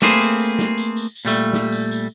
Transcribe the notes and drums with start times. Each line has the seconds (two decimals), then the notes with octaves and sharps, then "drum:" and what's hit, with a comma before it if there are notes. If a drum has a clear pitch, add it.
0.02 A3 A#3 C4 G#4 B4 C5, drum: snare
0.21 drum: tambourine
0.40 drum: tambourine
0.59 drum: snare
0.78 drum: tambourine
0.96 drum: tambourine
1.15 drum: tambourine
1.25 A#2 G3 A3
1.53 drum: snare
1.72 drum: tambourine
1.91 drum: tambourine